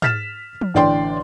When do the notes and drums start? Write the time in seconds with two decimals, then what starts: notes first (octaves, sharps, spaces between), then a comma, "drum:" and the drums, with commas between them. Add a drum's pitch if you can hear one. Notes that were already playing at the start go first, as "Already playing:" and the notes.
0.02 F6 A6 B6 E7, drum: tom
0.61 drum: tom
0.74 A1 D3 D5 G5 C6